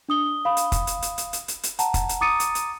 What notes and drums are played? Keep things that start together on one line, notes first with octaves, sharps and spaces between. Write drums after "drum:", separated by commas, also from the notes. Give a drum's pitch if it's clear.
D4 D#6 G7
F5 B5 D#6
drum: hi-hat
drum: kick, hi-hat
drum: hi-hat
drum: hi-hat
drum: hi-hat
drum: hi-hat
drum: hi-hat
drum: hi-hat
F#5 A5 A#5, drum: hi-hat
drum: kick, hi-hat
drum: hi-hat
A#5 D6 D#6 A6 C#7 D#7
drum: hi-hat
drum: hi-hat